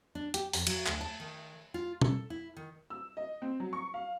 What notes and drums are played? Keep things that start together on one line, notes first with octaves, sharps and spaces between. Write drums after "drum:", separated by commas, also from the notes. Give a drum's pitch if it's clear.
D4
G4, drum: hi-hat
F2, drum: open hi-hat
F#3, drum: cymbal
D2, drum: clap
A5
D#3
F4
A4, drum: tom B2
E4
D#3
E6
D#5
C4
F#3
C#6
F5